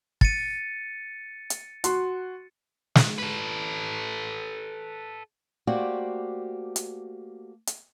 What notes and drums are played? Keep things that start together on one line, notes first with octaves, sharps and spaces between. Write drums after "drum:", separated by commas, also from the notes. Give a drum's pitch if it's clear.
A6 C#7 D#7, drum: kick
drum: hi-hat
F#4 C6, drum: hi-hat
drum: snare
A4 B4
A3 A#3 F#4 G4 C5 D5
drum: hi-hat
drum: hi-hat